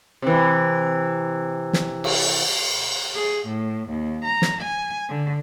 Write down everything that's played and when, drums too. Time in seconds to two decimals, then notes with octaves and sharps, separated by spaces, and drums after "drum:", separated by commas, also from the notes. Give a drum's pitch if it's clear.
0.22 C3 E3
1.73 drum: snare
2.04 drum: cymbal
3.15 G#4
3.46 A2
3.89 D#2
4.25 A#5
4.42 drum: snare
4.61 G#5
5.09 D3